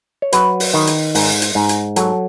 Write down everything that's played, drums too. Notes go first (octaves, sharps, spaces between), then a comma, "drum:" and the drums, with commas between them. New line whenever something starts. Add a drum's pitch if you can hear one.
C#5
F#3 B4, drum: hi-hat
drum: open hi-hat
D#3
drum: hi-hat
G#2, drum: open hi-hat
drum: hi-hat
G#2
drum: hi-hat
F#3 A4, drum: hi-hat